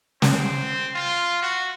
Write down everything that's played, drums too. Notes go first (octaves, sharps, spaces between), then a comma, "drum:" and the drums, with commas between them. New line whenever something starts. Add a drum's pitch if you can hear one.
C4, drum: snare
F4
F#4